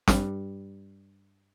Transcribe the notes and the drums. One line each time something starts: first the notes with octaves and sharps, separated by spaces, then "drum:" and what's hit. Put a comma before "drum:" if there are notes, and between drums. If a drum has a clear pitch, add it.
G2 G3, drum: snare